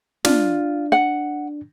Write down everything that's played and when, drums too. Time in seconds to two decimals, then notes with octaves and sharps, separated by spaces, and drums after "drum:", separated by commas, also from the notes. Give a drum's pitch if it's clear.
0.25 D4 F4, drum: snare
0.92 F#5